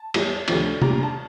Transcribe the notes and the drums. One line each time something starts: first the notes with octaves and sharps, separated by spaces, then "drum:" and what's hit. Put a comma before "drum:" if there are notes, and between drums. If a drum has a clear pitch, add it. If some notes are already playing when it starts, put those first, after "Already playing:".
Already playing: A5
E2 E3 G3, drum: cymbal
D2 C3 F3 A3 D4, drum: cymbal
A#2 G3 D4 A#5, drum: tom C3
A#5
A5